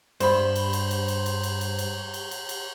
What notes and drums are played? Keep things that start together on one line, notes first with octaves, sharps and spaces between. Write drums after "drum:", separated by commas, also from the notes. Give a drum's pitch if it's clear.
G2 C5 B5, drum: cymbal
drum: cymbal
drum: cymbal
drum: cymbal
drum: cymbal
drum: cymbal
drum: cymbal
drum: cymbal
drum: cymbal
drum: cymbal
drum: cymbal
drum: cymbal